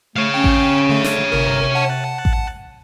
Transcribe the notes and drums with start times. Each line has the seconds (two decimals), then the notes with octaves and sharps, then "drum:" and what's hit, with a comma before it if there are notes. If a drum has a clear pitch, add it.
0.16 A3 C#5 F5
0.34 C#4 G5
0.44 drum: kick A1
0.89 D3 A3
1.04 drum: snare
1.32 G1 C3 A#4
1.75 F#5 A5
2.25 drum: kick A1